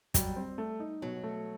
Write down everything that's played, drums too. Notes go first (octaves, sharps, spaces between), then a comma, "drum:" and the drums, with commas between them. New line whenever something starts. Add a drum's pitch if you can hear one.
F#3 G3, drum: kick, hi-hat
C4
A3
D#4
B2 F#3
A3